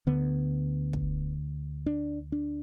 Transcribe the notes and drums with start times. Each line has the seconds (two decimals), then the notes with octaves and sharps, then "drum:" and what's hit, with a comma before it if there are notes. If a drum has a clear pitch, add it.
0.07 D2 D3 B3
0.93 drum: kick
1.86 D4
2.32 D4